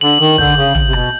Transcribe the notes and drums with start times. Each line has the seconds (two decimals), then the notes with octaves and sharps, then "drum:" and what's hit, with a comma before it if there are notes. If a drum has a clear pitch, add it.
0.01 D3 F#7
0.20 D#3
0.38 D3 G6, drum: kick
0.57 C#3
0.75 F#7, drum: tom
0.88 C3
0.93 B2, drum: rim click